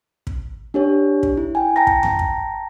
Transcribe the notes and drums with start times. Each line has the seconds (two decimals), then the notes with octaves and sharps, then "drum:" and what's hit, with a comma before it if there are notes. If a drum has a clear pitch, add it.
0.27 drum: kick
0.74 D4 G4 C#5
1.23 drum: kick
1.37 E4
1.55 G5 G#5
1.76 G5 A5 A#5 A#6
1.87 drum: kick
2.03 drum: tom F2
2.19 drum: kick